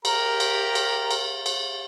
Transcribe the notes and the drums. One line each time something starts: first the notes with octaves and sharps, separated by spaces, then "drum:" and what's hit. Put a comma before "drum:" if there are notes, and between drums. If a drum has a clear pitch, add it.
G4 A#4 A#5, drum: cymbal
drum: cymbal
drum: cymbal
drum: cymbal
drum: cymbal